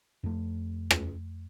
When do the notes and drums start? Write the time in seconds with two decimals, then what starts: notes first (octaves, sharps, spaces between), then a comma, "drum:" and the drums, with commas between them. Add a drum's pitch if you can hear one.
0.24 F2 A3
0.91 drum: rim click